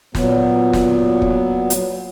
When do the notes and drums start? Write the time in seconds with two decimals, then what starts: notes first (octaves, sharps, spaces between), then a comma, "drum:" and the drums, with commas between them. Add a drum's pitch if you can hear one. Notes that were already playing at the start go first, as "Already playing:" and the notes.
0.15 A#2 F#3 B3, drum: snare
0.73 drum: snare
1.22 drum: kick
1.70 drum: hi-hat